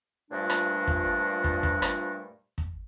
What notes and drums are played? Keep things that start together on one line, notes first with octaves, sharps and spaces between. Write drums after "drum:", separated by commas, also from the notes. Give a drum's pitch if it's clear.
G2 A#2 F3 G3 A3 D4
drum: rim click
drum: kick
drum: kick
drum: kick
drum: rim click
drum: kick